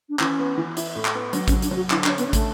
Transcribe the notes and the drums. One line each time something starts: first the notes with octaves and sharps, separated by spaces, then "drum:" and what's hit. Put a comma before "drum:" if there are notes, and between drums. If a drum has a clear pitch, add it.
D4
E3 C#4, drum: clap
B3
E3
E4, drum: hi-hat
A2
drum: clap
B3
F#3 D4, drum: hi-hat
C#4, drum: kick, hi-hat
F#3
D4, drum: hi-hat
F#3 F#4
D3 E4, drum: clap
D4, drum: clap
C#4
B3, drum: hi-hat
D3
A3, drum: kick, hi-hat